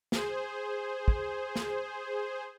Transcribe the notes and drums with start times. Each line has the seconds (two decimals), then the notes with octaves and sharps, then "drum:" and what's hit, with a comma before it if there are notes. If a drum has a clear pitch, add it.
0.12 G#4 C5, drum: snare
1.08 drum: kick
1.56 drum: snare